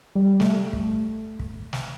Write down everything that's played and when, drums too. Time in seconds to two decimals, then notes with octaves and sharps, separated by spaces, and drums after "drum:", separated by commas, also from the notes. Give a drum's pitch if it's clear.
0.15 G3
0.40 A3, drum: snare
0.73 drum: kick
1.40 drum: kick
1.73 drum: snare